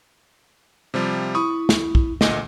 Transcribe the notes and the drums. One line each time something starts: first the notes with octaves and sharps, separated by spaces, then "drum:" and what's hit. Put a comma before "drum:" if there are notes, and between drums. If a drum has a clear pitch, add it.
C3 F3 G3
E4 B5 C#6 D#6
drum: snare
drum: kick
D2 A#2 D#5, drum: snare